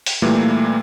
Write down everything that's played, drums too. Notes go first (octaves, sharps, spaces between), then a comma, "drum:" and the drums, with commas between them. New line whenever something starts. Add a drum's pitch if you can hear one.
drum: open hi-hat
A#2 E3 G3 A3 A#3